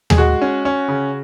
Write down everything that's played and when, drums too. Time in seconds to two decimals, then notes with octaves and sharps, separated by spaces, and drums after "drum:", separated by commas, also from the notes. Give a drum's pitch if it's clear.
0.10 G#4, drum: tom D#2
0.18 G#3 F#4
0.42 C#4
0.65 C#4
0.88 C#3